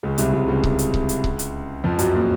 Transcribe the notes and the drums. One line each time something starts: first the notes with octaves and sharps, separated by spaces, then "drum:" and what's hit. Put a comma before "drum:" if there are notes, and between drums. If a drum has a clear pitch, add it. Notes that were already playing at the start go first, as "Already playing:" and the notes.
C#2 C#3
C2 C3, drum: hi-hat
C2 C3
C#2 C#3
drum: kick C#1
drum: hi-hat
drum: kick C#1
drum: hi-hat
drum: kick C#1
drum: hi-hat
F2 F3
F#2 F#3, drum: hi-hat
A#2 A#3